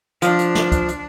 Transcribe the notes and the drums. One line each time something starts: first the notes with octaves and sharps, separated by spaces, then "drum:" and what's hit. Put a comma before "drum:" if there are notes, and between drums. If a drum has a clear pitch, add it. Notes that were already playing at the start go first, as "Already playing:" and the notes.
F3 D4, drum: hi-hat
drum: hi-hat
drum: snare
drum: kick C#2, hi-hat
drum: hi-hat